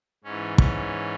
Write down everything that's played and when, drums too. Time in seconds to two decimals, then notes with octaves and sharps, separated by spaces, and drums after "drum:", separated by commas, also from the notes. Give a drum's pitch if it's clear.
0.24 G#2 E3 C#4
0.58 C#4, drum: kick